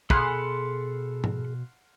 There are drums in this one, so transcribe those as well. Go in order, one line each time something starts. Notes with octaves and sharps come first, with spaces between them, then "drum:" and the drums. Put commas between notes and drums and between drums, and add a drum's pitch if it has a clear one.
B2 G#4 A4 F5 F#5 B5 C6 F#6, drum: kick
drum: tom G#2